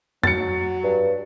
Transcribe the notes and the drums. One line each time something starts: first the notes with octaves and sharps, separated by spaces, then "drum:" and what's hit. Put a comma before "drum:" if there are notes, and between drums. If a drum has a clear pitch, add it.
F#3 A6 C#7, drum: tom F2
G2